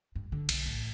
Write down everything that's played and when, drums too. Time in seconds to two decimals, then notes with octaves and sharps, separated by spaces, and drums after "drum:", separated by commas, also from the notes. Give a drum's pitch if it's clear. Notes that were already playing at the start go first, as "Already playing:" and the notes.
0.16 G2
0.32 D3
0.49 B1, drum: cymbal
0.66 A1